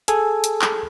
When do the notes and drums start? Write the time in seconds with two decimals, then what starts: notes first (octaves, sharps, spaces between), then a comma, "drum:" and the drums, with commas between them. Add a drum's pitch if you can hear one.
0.08 G#4 A4 G#5, drum: hi-hat
0.44 drum: hi-hat
0.62 drum: clap